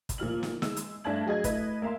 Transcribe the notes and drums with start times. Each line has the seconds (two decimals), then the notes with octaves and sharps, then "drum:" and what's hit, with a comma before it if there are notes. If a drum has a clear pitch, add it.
0.09 drum: kick, hi-hat
0.18 A#2 F3 F6 F#7
0.43 drum: snare
0.62 G#3 E6, drum: snare
0.77 drum: hi-hat
1.04 G2 A3 D5 A5 G#6 F#7
1.26 F#3 G#4 D#5 G#6
1.44 A3 E4 B4 D#5, drum: kick, hi-hat
1.82 A#3 E5 F5 A#5 C6